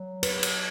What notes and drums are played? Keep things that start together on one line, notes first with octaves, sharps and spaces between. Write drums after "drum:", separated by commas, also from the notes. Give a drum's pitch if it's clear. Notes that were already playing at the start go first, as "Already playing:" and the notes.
Already playing: F#3
B4, drum: cymbal
drum: cymbal